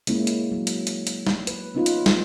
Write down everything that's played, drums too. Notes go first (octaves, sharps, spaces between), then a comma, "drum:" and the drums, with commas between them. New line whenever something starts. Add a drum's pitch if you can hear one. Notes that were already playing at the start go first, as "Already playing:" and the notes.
G#3 A#3 C#4 E4, drum: hi-hat
drum: hi-hat
F#3
drum: hi-hat
drum: hi-hat
drum: hi-hat
drum: snare
B4, drum: hi-hat
B3 C#4 D#4 F4 B4
drum: hi-hat
drum: snare